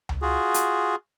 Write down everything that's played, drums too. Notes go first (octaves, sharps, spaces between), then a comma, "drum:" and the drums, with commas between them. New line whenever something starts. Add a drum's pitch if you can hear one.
drum: tom C#2
F4 F#4 G#4
drum: hi-hat